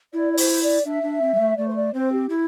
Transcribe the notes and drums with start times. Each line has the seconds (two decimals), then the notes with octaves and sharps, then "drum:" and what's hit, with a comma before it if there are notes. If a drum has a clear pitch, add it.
0.13 E4 D5
0.32 D5
0.37 C5, drum: open hi-hat
0.62 D5
0.85 D4 E5
1.03 D4
1.22 C4
1.34 G3
1.39 A3
1.57 A3 D5
1.67 C5
1.76 D5
1.94 C4 C5
2.12 G4
2.29 E4